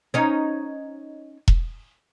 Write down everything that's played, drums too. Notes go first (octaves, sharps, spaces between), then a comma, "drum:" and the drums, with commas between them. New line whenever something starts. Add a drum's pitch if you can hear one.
C#4 D#4
drum: kick E1